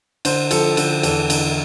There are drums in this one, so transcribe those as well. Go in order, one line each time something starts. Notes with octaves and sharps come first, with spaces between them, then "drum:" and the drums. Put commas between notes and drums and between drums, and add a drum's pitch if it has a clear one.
D3 C5, drum: cymbal
F3 A4, drum: cymbal
D3 A4, drum: cymbal
E2 A4, drum: cymbal
D3, drum: cymbal